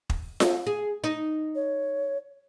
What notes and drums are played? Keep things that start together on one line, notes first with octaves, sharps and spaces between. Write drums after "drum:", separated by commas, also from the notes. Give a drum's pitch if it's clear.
drum: kick
drum: snare F4
G#4
D#4
C#5